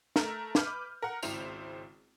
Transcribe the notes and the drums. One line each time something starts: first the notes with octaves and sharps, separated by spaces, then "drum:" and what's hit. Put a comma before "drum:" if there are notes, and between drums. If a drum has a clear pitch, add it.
A3 A#4 E6, drum: snare
B4 B5 D6 F6 G6, drum: snare
A#4 F#5
G#1 C#2 C4 E4 C5 F7, drum: tambourine